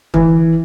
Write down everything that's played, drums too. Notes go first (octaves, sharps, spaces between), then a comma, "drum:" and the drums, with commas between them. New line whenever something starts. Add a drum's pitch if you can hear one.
E3, drum: kick